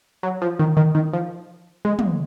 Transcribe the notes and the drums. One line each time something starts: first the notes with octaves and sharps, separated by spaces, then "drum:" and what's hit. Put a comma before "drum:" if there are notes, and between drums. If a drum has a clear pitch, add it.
F#3
F3
D#3
D#3
D#3
F3
G#3
drum: tom